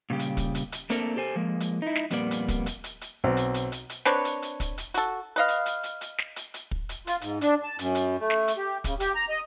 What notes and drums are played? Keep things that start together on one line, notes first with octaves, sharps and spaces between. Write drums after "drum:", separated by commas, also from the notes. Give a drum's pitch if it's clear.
A#2 C#3 G3 G4
drum: hi-hat
drum: kick, hi-hat
drum: hi-hat
drum: hi-hat
A3 A#3 C4 D4 A4 A#4, drum: hi-hat
G4 A4 C5 G#5
F3 G#3 A#3
drum: hi-hat
D#4 E4
drum: snare
F2 A#2 G3 A#3 B3 D5, drum: hi-hat
drum: hi-hat
drum: kick, hi-hat
drum: hi-hat
drum: hi-hat
drum: hi-hat
B1 C4
drum: hi-hat
drum: hi-hat
drum: hi-hat
drum: hi-hat
C4 D4 B4 C#5, drum: snare
drum: hi-hat
drum: hi-hat
drum: kick, hi-hat
drum: hi-hat
F#4 A4, drum: hi-hat
B4 D#5 F5
drum: hi-hat
drum: hi-hat
drum: hi-hat
drum: hi-hat
drum: snare
drum: hi-hat
drum: hi-hat
drum: kick
drum: hi-hat
F4, drum: hi-hat
G#2, drum: hi-hat
D4, drum: hi-hat
A5
F#2, drum: hi-hat
drum: hi-hat
A3
drum: snare
drum: hi-hat
G4
C#3, drum: kick, hi-hat
G4, drum: hi-hat
A#5
D#5